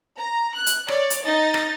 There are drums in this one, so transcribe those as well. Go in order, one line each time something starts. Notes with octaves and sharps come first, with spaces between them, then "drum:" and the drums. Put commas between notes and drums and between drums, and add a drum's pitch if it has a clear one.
A#5
F#6
drum: hi-hat
C#5 D5, drum: rim click
drum: hi-hat
D#4 D#5 A6
drum: rim click